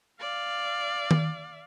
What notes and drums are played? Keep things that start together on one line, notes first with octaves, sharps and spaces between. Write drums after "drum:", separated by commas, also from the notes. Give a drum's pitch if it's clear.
D5 F5
drum: tom D#3